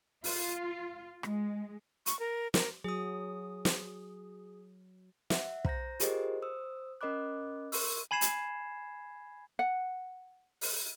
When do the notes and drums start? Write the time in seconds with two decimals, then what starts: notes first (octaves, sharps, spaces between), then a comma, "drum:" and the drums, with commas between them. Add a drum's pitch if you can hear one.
0.24 F4, drum: open hi-hat
1.23 G#3, drum: rim click
2.06 C#6, drum: hi-hat
2.19 A#4
2.54 A#4, drum: snare
2.84 F#3 G#4 D#6
3.65 drum: snare
5.30 E5 F#5, drum: snare
5.65 C5 A#5 G6 A#6, drum: kick
6.00 F4 G4 G#4 A#4 C5 D#5, drum: hi-hat
6.42 C5 D#6 E6
7.01 C#4 A#4 D#5 B5 D6 F#6
7.72 A#4 C6 C#6 E6, drum: open hi-hat
8.11 G#5 B5 G#6 C7 E7
8.21 drum: hi-hat
9.59 F#5
10.61 drum: open hi-hat